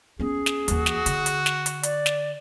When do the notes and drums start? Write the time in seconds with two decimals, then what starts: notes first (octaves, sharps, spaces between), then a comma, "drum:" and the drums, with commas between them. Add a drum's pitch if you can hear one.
0.20 B3 C#4 G#4
0.46 drum: snare
0.68 D#2 E3 F#4, drum: hi-hat
0.86 drum: snare
1.06 D3, drum: hi-hat
1.26 drum: hi-hat
1.46 drum: snare
1.66 drum: hi-hat
1.83 D5, drum: hi-hat
2.06 drum: snare